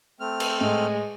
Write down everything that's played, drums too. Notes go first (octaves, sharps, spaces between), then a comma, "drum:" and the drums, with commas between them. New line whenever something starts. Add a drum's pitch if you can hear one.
A3 C4 F6
drum: cymbal
A2 G#3